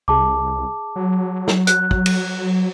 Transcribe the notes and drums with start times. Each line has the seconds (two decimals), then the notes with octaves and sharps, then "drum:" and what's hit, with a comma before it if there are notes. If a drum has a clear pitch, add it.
0.08 C2 G#4 A5 D6
0.96 F#3
1.48 drum: snare
1.67 F#6, drum: hi-hat
1.91 drum: kick
2.06 drum: cymbal